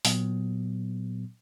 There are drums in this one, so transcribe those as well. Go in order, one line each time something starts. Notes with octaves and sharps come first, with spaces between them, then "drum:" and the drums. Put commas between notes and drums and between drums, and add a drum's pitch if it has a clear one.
A#2 F#3 B3, drum: open hi-hat